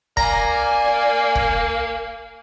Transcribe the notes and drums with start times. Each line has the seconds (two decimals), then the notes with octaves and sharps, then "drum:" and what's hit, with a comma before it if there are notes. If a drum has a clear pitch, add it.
0.17 A#3 D5 G#5 A#5, drum: kick
1.35 drum: kick